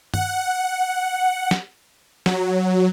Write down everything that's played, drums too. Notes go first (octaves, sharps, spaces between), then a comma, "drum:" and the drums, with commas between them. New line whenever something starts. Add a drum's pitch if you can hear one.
F#5, drum: tom G2
drum: snare
F#3, drum: snare